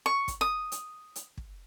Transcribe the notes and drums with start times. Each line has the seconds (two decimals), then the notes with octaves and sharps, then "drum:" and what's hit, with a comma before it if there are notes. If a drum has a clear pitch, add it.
0.06 C#6
0.28 drum: kick, hi-hat
0.41 D#6
0.72 drum: hi-hat
1.16 drum: hi-hat
1.37 drum: kick